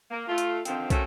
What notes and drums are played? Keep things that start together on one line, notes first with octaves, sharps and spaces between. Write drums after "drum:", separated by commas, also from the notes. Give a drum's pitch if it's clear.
A#3
A3 F4
drum: hi-hat
D3 D#3 F3 C4, drum: hi-hat
A3 A#3 C4 C#4 F#4, drum: kick, hi-hat